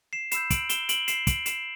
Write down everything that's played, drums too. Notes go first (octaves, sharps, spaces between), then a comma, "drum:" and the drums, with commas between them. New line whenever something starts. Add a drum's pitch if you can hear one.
C7 E7
B5 E6 G6 C7 E7, drum: hi-hat
D7 F#7, drum: kick, hi-hat
E7 G7, drum: hi-hat
D7 F#7, drum: hi-hat
C7 E7, drum: hi-hat
D7 F#7, drum: kick, hi-hat
C7 E7, drum: hi-hat